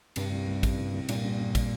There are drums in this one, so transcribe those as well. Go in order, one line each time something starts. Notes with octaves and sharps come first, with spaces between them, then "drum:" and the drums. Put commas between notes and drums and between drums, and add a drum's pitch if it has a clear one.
G2 C3, drum: cymbal
C2
C2
C3, drum: kick, cymbal
C2
C2
G2 A#2, drum: cymbal
G2
G2
drum: kick, cymbal